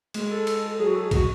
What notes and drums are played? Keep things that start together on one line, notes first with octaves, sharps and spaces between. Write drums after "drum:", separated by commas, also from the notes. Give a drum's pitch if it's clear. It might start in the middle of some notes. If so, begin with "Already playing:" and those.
G#3, drum: cymbal
A4
drum: cymbal
F#3 G#4
F#4
A4
G#4
F3 F#4, drum: kick, cymbal